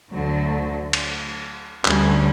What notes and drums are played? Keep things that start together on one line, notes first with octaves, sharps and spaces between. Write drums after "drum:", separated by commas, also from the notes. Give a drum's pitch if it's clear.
D2 D3 F#3
drum: cymbal
D2 D3 G3 C#4, drum: clap